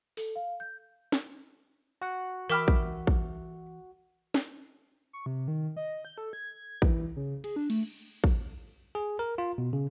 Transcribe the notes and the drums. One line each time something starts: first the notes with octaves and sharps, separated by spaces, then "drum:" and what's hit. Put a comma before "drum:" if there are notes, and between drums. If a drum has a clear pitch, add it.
A4, drum: open hi-hat
F5
G6
drum: snare
F#4 F#5
E3 A#4 E5 G5 B5 D6 F6
drum: kick
drum: kick
drum: snare
C#6
C3
D#3
D#5
G6
A4
G#6
E3, drum: kick
C#3
G#4, drum: cymbal
D4
A3, drum: cymbal
drum: kick
G#4
A#4
F4
B2
C#3